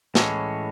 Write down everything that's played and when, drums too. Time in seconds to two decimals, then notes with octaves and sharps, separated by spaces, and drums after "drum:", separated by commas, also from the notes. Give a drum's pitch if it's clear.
0.15 A2 E3 G#3 C#4, drum: snare